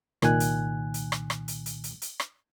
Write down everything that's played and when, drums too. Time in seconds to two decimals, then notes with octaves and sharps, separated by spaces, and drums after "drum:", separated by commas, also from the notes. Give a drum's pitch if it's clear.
0.22 C2 A#2 D#3 G#5 F#6, drum: rim click
0.40 drum: hi-hat
0.94 drum: hi-hat
1.12 drum: rim click
1.30 drum: rim click
1.48 drum: hi-hat
1.66 drum: hi-hat
1.84 drum: hi-hat
2.02 drum: hi-hat
2.20 drum: rim click